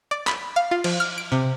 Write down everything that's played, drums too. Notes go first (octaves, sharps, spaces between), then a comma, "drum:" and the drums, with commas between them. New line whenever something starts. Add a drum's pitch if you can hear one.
D5
B5, drum: clap
F5
F4
F3, drum: cymbal
F6
D7
C3